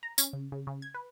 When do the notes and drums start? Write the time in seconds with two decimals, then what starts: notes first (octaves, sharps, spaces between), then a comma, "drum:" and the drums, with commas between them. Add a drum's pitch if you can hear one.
0.03 A#5
0.18 C#4, drum: tambourine
0.33 C#3
0.52 C#3
0.67 C#3
0.82 G#6
0.95 B4